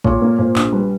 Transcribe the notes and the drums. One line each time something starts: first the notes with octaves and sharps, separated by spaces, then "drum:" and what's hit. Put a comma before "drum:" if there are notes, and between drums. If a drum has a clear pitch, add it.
A#2 C#5, drum: kick
A#3
A#2 C5
A#1, drum: clap
G3 B4